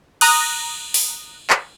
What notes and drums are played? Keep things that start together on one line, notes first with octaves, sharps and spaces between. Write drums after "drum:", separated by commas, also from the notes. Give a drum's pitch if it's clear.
A#5 D#6 F#6, drum: cymbal
drum: open hi-hat
drum: clap